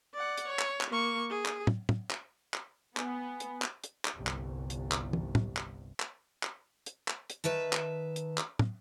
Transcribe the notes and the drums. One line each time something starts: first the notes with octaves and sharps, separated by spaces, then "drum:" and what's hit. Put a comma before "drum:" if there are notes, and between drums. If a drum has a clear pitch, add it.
D5 F#5
drum: hi-hat
C#5
drum: clap
drum: clap
A#3 C#6
G#4
drum: clap
drum: tom
drum: tom
drum: clap
drum: clap
B3 G#5, drum: clap
drum: hi-hat
drum: clap
drum: hi-hat
drum: clap
G1 C2
drum: clap
drum: hi-hat
drum: clap
drum: tom
drum: tom
drum: clap
drum: clap
drum: clap
drum: hi-hat
drum: clap
drum: hi-hat
D#3 B4 E5 A5
drum: clap
drum: hi-hat
drum: clap
drum: tom